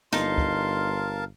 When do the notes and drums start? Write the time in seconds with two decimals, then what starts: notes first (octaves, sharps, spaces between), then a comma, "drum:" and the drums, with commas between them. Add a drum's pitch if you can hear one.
0.13 G1 D#4 A#4 F5 A5 C6, drum: snare
0.38 drum: kick